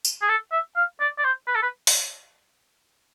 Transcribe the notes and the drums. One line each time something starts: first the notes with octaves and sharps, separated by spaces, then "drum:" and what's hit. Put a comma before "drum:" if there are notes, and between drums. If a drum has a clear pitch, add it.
drum: tambourine
G#4
A4
E5
F5
D5
D5
C5
B4
A4
B4
drum: open hi-hat